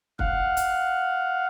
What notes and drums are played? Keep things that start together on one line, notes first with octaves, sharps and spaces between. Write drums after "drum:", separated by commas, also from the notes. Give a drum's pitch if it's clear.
F5 F#5, drum: kick
drum: hi-hat